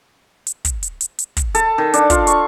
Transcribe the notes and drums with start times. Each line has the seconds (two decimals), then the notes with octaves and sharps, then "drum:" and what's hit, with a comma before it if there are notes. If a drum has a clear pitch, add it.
0.47 drum: hi-hat
0.65 drum: kick, hi-hat
0.83 drum: hi-hat
1.01 drum: hi-hat
1.19 drum: hi-hat
1.37 drum: kick, hi-hat
1.55 A4, drum: hi-hat
1.78 D#3
1.94 D4, drum: hi-hat
2.10 F4, drum: kick, hi-hat
2.27 C#6, drum: hi-hat